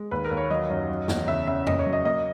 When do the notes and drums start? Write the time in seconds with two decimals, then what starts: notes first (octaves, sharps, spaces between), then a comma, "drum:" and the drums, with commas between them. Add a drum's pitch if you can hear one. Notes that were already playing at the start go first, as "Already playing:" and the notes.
Already playing: G#3
0.11 D#2 B4
0.24 A#4
0.31 D#2
0.37 C#5
0.50 F#3 D#5
0.70 F#2
0.89 F#3
1.08 E2, drum: snare
1.27 C#3 E5
1.47 C#3 E5
1.67 A#3 D#5, drum: tom F2
1.79 C#5
1.86 F#3
1.93 D#5
2.05 A#3 D#5